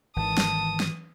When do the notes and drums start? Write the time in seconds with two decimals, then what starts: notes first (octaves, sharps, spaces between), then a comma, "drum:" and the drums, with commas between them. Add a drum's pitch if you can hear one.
0.16 G#1 D#3 E3 A5 D#6
0.37 drum: snare
0.80 drum: snare